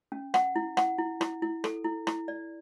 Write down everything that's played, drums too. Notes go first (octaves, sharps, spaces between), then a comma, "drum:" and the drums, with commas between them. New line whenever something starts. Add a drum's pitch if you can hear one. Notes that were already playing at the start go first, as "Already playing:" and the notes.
C#4
F#5, drum: rim click
E4
F#5, drum: rim click
E4
E4, drum: rim click
E4
A4, drum: rim click
E4
E4, drum: rim click
D5